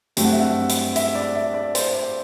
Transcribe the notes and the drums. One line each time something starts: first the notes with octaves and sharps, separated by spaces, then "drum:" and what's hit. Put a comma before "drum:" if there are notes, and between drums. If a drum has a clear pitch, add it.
G2 F#3 A3 C4 G5, drum: hi-hat
F#5
E5
F#5
drum: hi-hat
E5, drum: hi-hat
D5
E5
D5
C5, drum: hi-hat
D5